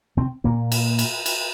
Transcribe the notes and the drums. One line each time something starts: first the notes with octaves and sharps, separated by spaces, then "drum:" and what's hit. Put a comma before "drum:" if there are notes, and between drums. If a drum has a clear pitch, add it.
C3 C4
A#2 A#3
drum: cymbal
drum: cymbal
drum: cymbal